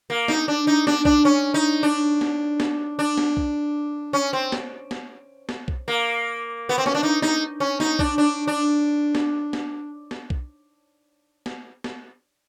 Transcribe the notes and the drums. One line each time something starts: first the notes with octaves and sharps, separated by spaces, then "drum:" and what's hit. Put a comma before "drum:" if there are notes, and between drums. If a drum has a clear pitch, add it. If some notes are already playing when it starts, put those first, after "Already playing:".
A#3
D#4, drum: snare
D4
D#4
D4, drum: snare
D4, drum: kick B1
C#4
D#4
D4
drum: snare
drum: snare
D4
drum: snare
drum: kick B1
C#4
C4
drum: snare
drum: snare
drum: snare
drum: kick B1
A#3
B3
C4
C#4, drum: snare
D4
D#4
D#4, drum: snare
C#4
D#4, drum: snare
D4, drum: kick B1
D4
D4
drum: snare
drum: snare
drum: snare
drum: kick B1
drum: snare
drum: snare